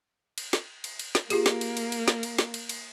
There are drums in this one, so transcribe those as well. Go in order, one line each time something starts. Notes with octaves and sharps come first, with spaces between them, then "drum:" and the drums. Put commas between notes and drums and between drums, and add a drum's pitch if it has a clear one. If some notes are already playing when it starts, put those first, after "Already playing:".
drum: cymbal
drum: snare
drum: cymbal
drum: cymbal
drum: snare
A#3 F4 G4 G#4, drum: cymbal
drum: snare
drum: cymbal
drum: cymbal
drum: cymbal
drum: snare
drum: cymbal
drum: snare
drum: cymbal
drum: cymbal